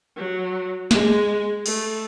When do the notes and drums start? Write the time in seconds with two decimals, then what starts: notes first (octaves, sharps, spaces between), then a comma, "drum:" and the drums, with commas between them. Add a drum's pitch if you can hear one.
0.17 F#3
0.91 G#3, drum: snare
1.66 A3, drum: cymbal